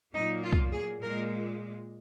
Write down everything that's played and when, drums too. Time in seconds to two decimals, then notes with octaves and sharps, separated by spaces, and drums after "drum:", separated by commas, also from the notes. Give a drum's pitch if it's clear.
0.13 A#2 F#3 A#3 D#4
0.43 F4
0.52 drum: kick C2
0.72 G#4
1.00 A#2 G#3 A#4